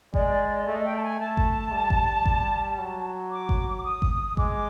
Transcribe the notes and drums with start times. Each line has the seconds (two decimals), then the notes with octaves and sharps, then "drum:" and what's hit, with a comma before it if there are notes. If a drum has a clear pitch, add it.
0.14 G#3 D5, drum: kick G#1
0.67 A3 D#5
0.85 G5
0.96 A5
1.02 G#5
1.20 A3 A5
1.37 drum: kick G#1
1.72 G3
1.90 drum: kick G#1
2.26 drum: kick G#1
2.79 F#3
3.32 D6
3.49 drum: kick G#1
3.84 D#6
4.02 drum: kick G#1
4.37 G#3 D6, drum: kick G#1